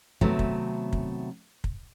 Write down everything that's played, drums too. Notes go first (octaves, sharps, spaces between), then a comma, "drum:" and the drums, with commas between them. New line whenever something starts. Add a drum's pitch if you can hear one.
C3 D#3 F#3 A3 B3 C4, drum: kick
drum: kick
drum: kick
drum: kick